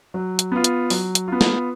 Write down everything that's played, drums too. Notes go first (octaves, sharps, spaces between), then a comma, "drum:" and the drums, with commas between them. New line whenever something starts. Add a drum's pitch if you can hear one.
F#3
drum: hi-hat
B3 F4
drum: hi-hat
F#3, drum: open hi-hat
drum: hi-hat
B3 F4
drum: snare